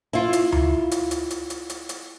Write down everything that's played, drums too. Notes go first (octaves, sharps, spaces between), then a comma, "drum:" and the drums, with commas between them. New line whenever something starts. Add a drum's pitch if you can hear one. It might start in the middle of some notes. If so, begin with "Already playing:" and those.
E4 F4
drum: hi-hat
drum: tom D2
drum: hi-hat
drum: hi-hat
drum: hi-hat
drum: hi-hat
drum: hi-hat
drum: hi-hat